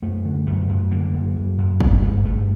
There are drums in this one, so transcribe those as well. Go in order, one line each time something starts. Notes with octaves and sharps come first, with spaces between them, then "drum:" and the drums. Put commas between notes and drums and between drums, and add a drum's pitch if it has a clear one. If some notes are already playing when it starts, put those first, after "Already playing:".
F#2 A3
D3
F#2 A3
F#2
D3 A#3
F#2
F#2
F#2
G2 C4, drum: kick
G2 A3
G2 A3